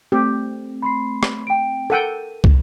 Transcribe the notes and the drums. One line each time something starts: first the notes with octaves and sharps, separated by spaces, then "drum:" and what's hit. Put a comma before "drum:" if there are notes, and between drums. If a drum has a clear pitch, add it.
A3 C4 G4
B5 C6 C7
drum: rim click
G5 D7
A4 A#4 F#5 G5 D#7
drum: kick